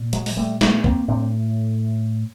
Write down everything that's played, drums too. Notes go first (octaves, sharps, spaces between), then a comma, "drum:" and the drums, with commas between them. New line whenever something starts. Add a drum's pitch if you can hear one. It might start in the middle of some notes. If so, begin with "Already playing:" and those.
Already playing: A#2
F#3 G#3, drum: hi-hat
G#3, drum: open hi-hat
G3 A3
A3 B3, drum: snare
A#3 C4, drum: kick
A2 C4 D4